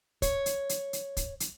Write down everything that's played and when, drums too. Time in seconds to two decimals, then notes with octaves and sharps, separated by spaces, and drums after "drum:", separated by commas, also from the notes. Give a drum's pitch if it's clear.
0.22 C#5, drum: kick, hi-hat
0.46 drum: hi-hat
0.69 drum: hi-hat
0.93 drum: hi-hat
1.17 drum: kick, hi-hat
1.40 drum: hi-hat